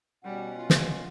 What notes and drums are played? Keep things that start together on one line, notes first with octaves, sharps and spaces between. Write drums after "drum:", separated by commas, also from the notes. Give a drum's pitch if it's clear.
B2 G3 C#4 F#5
F4
drum: snare